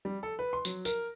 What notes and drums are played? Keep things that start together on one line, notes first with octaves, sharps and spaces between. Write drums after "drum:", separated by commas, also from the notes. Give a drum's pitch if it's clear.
G3
A4
B4
C6
F#3, drum: tambourine
A#4, drum: tambourine